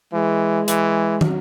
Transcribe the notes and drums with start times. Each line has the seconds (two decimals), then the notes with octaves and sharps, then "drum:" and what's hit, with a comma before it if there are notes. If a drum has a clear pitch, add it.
0.13 E3 G#3
0.68 E3, drum: hi-hat
1.21 F#3, drum: tom